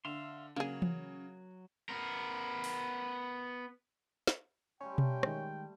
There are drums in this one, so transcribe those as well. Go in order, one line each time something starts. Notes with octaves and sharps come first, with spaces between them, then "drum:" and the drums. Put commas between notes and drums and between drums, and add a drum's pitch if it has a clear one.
D3 E5 F5 C6
C#3 F#3 A#3 G#4
drum: tom E3
B3 A#4
drum: open hi-hat
drum: snare
G3 A3 C#4 C5 C#5 G5
drum: tom B2
D#3 G#3, drum: rim click